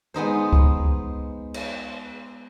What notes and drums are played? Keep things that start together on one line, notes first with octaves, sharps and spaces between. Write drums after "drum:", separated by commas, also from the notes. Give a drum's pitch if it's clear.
G#3 B3 D#4 C5
drum: kick C#2
drum: cymbal